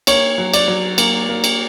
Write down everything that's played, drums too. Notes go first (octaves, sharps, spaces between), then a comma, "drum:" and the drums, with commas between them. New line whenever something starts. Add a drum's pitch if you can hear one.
A#3 C#5, drum: cymbal
F#3
D5, drum: cymbal
F#3
A#3, drum: cymbal
A#3
drum: cymbal